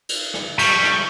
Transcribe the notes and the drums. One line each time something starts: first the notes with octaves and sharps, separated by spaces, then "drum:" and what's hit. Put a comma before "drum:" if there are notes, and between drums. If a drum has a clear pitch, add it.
drum: cymbal
drum: rim click
G3 C#6, drum: cymbal
drum: rim click